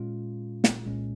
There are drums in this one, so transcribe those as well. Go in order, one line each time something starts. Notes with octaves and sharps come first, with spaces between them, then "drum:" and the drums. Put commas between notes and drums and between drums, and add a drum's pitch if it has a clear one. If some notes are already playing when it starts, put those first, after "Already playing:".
Already playing: A#2 G#3 C#4 F4
drum: snare
C2 A#2 G#3 C#4